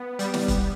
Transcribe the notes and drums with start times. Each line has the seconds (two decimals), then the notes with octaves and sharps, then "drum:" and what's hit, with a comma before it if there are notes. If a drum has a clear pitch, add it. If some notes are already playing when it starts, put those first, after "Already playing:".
Already playing: B3
0.19 G3, drum: hi-hat
0.34 drum: snare
0.48 drum: kick E1, hi-hat